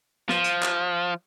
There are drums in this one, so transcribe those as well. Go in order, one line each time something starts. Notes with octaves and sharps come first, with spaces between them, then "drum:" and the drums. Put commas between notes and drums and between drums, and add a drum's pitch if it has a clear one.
F3, drum: snare
drum: hi-hat
drum: clap